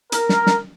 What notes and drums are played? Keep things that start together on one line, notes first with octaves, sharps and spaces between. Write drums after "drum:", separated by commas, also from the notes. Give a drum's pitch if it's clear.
A#4, drum: hi-hat
drum: snare
drum: snare